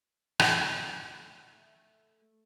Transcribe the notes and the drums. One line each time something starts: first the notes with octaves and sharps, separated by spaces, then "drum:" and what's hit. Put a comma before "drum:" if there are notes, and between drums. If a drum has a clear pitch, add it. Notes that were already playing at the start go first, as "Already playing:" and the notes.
drum: rim click
A3